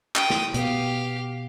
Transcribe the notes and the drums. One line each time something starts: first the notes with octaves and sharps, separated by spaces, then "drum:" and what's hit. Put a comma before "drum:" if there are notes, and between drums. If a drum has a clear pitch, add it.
G5 D#6, drum: clap
drum: snare
B2 B3 G4 F5, drum: hi-hat